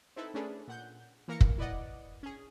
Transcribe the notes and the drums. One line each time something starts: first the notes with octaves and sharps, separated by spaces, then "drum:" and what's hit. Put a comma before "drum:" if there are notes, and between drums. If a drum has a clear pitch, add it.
C4 D#4 E4 A4 B4
A3 C#4 D4 G#4 A4 B4
A#2 F#5 G6
E3 A#3 A#4 F5 A#6 C#7
drum: kick
E4 B4 D5 D#5 F#5
C#4 G#4